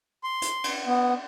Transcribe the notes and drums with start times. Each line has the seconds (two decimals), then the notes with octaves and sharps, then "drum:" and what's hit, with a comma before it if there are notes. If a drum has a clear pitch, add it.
0.24 C6
0.42 drum: hi-hat
0.64 drum: cymbal
0.87 B3